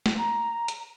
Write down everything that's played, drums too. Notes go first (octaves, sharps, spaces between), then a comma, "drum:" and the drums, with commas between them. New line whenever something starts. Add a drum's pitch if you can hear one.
drum: snare
A#5
drum: hi-hat